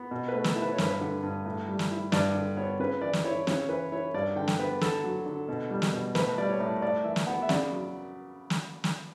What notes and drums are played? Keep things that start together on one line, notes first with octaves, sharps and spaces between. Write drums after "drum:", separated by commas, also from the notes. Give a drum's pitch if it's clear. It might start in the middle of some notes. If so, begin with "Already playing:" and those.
Already playing: B3
B2
B4
A3
A4, drum: snare
E4
B4
C#5
G2 B4, drum: snare
D3
G2
A2
G3
drum: snare
E4
G2 D5, drum: snare
D3
B3 C#5
C#3 B4
E3 D5
drum: snare
E4 C#5
C#3 C#5, drum: snare
E3 B4
E4 C#5
G2 D5
D3 G5
drum: snare
B3 B4
D3 A4, drum: snare
F#3
D3
B2
G3
drum: snare
B2
A2 B4, drum: snare
G3 D5
C#5
A2
A2 D5
E3 E5
drum: snare
B3 F#5
E5
C#3 D5, drum: snare
F#3
drum: snare
drum: snare